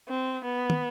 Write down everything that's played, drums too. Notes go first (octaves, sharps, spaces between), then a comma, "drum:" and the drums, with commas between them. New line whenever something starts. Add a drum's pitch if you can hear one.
C4
B3
drum: tom